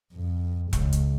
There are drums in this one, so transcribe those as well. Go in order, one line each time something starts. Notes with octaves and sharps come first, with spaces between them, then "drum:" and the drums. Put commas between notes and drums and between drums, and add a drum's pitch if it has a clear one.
F2
C#2, drum: kick E1, hi-hat
drum: hi-hat